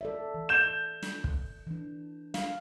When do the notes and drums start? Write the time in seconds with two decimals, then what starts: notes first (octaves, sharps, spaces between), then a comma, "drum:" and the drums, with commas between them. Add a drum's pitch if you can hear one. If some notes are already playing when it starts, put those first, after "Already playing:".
0.01 A4 D5 E5
0.34 E3
0.49 G6 E7
1.02 drum: snare
1.24 drum: kick
1.67 E3 D4
2.34 F5, drum: snare